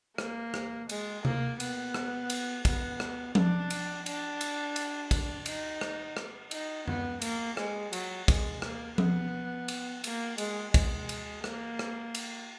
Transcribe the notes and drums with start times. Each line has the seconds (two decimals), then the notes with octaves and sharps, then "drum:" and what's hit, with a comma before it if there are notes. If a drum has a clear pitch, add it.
0.18 A#3, drum: rim click
0.54 drum: rim click
0.89 G#3, drum: cymbal
1.25 A#3, drum: tom C3
1.60 B3, drum: cymbal
1.94 drum: rim click
2.30 drum: cymbal
2.65 B3, drum: kick, cymbal
3.00 drum: rim click
3.35 D4, drum: tom F3
3.70 drum: cymbal
4.06 D4, drum: cymbal
4.41 drum: cymbal
4.76 drum: cymbal
5.11 drum: kick, cymbal
5.46 D#4, drum: cymbal
5.81 drum: rim click
6.17 drum: rim click
6.51 D#4, drum: cymbal
6.88 B3, drum: tom F#2
7.22 A#3, drum: cymbal
7.57 G#3, drum: rim click
7.93 F#3, drum: cymbal
8.28 G#3, drum: kick, cymbal
8.62 A#3, drum: rim click
8.98 B3, drum: tom F3
9.68 drum: cymbal
10.04 A#3, drum: cymbal
10.38 G#3, drum: cymbal
10.74 G#3, drum: kick, cymbal
11.09 drum: cymbal
11.44 A#3, drum: rim click
11.79 drum: rim click
12.15 drum: cymbal